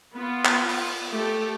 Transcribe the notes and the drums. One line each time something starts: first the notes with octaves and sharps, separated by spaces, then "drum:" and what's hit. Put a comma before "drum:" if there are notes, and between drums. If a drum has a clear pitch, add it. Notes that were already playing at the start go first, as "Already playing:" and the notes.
B3 F4
drum: clap
drum: open hi-hat
A3 G4